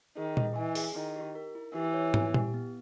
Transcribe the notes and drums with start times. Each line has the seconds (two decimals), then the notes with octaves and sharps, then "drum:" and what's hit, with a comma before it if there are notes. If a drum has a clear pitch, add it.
0.17 D#3 G#4
0.37 D#5, drum: tom A#2
0.56 E3 G#5
0.75 G#4, drum: open hi-hat
0.95 D#3 E4
1.16 G4
1.35 A#4
1.55 E4
1.75 E3 G4
1.94 C#5
2.14 G#5, drum: tom
2.34 G4, drum: tom A#2
2.54 B3